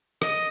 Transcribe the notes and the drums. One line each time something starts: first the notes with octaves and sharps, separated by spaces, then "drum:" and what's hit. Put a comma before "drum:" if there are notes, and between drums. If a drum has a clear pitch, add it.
D#5, drum: rim click